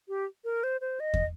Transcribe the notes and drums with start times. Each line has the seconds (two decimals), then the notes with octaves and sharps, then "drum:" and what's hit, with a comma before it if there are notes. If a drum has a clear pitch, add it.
0.08 G4
0.44 A#4
0.64 C5
0.81 C5
1.00 D#5
1.14 drum: kick